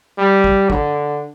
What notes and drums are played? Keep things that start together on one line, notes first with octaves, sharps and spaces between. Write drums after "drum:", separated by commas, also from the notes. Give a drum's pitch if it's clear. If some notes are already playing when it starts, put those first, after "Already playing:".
G3
drum: kick
D3, drum: kick